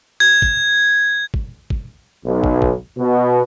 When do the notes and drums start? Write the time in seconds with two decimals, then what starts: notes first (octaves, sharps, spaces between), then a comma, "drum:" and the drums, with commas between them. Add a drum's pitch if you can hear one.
0.20 G#6
0.42 drum: kick
1.34 drum: kick
1.70 drum: kick
2.25 B1
2.44 drum: kick
2.62 drum: kick
2.98 B2